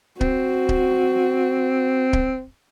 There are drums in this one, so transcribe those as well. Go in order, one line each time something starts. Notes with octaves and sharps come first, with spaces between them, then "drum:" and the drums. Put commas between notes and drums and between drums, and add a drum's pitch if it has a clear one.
C4 F#4, drum: kick D1
drum: kick D1
drum: kick D1